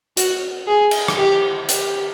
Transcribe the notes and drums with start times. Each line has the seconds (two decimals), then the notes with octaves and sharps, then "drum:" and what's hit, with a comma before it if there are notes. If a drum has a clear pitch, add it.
0.17 F#4, drum: hi-hat
0.68 G#4
0.91 drum: cymbal
1.08 drum: rim click
1.18 G4
1.69 G4, drum: hi-hat